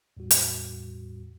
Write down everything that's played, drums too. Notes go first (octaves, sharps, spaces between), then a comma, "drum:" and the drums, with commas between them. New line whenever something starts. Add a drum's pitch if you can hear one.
E2 A2 G3 F#4
drum: hi-hat